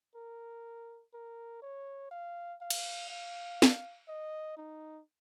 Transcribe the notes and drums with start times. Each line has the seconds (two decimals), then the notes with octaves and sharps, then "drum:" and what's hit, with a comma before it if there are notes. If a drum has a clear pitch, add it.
0.15 A#4
1.14 A#4
1.62 C#5
2.11 F5
2.61 F5
2.70 drum: cymbal
3.10 F5
3.62 drum: snare
4.08 D#5
4.57 D#4